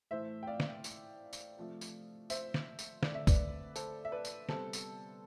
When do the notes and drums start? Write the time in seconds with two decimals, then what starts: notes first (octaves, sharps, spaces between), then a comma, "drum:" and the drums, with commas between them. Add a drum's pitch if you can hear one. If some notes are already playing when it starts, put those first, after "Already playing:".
0.11 A2 E3 A3 C5 E5
0.43 G5
0.47 D5 F5
0.60 drum: snare
0.84 drum: tambourine
1.33 drum: tambourine
1.57 C3 F3 A3
1.81 drum: tambourine
2.30 C5 E5, drum: tambourine
2.54 drum: snare
2.79 drum: tambourine
3.03 D3 A3 C4 D5, drum: snare
3.15 E5
3.27 B4 D5, drum: kick, tambourine
3.76 A4 C5, drum: tambourine
4.05 E5
4.12 B4 D5
4.25 drum: tambourine
4.49 C3 G3 B3 A4 C5, drum: snare
4.73 drum: tambourine